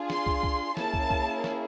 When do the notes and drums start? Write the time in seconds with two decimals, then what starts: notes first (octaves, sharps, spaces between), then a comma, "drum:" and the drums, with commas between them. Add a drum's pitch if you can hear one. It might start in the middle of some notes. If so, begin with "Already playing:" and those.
Already playing: D4 F4 G#4
0.10 C6, drum: snare
0.27 drum: kick
0.43 drum: kick
0.77 A#3 C#4 E4 G#4 A5, drum: snare
0.94 drum: kick
1.10 drum: kick
1.44 drum: snare